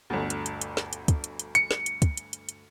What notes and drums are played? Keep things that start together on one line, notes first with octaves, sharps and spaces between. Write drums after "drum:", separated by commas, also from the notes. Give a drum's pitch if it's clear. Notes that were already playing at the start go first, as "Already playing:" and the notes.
G1 D2
drum: hi-hat
drum: hi-hat
drum: hi-hat
drum: snare
drum: hi-hat
drum: kick, hi-hat
drum: hi-hat
drum: hi-hat
C#7, drum: hi-hat
drum: snare
drum: hi-hat
drum: kick, hi-hat
drum: hi-hat
drum: hi-hat
drum: hi-hat